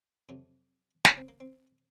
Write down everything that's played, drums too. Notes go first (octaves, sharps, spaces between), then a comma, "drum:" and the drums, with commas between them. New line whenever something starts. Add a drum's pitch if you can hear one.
F2 C3 F#3
F#2 C#3 F#3 C#4, drum: snare
C4
A#3
C4